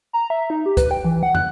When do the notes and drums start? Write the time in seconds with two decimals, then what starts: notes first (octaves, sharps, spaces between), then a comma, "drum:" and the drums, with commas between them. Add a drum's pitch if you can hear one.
0.13 A#5
0.30 E5
0.50 D#4
0.66 G4
0.77 B4, drum: kick, hi-hat
0.91 G5
1.04 E3
1.23 F#5
1.35 F#6, drum: tom